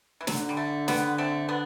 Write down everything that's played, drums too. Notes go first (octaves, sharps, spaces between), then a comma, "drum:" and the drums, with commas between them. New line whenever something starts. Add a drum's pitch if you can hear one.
E3
D3 F#3, drum: snare
G3
A3
G3 B3, drum: snare
A3 C4
B3 D4